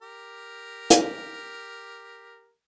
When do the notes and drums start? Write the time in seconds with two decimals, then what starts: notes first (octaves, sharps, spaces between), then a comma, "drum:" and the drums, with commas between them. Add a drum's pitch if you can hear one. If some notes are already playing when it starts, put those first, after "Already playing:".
0.02 G4 A#4
0.90 drum: hi-hat